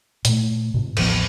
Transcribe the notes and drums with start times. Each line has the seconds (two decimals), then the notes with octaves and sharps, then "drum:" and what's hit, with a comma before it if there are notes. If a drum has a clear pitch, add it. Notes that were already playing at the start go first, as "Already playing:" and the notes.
0.25 A#2 A3, drum: hi-hat
0.74 G#2 C3
0.97 D#1 A1 F3 B3, drum: cymbal